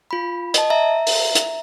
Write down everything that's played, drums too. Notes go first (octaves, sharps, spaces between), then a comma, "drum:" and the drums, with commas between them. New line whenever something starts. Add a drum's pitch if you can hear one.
F4 B5
D#5 A5, drum: hi-hat
E5 A#5
drum: open hi-hat
drum: hi-hat